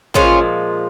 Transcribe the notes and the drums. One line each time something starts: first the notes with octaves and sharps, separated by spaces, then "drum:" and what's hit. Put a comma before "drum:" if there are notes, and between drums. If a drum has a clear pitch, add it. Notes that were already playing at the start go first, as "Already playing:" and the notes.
A#2 F3 G#3 C#4 F4, drum: kick